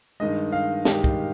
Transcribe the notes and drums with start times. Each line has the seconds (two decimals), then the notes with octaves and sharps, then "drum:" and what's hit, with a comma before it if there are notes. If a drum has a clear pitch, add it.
0.20 G2 D#3 G#3 D#5
0.52 F5
0.85 G2 D#3 G#3 G4, drum: snare
1.04 drum: kick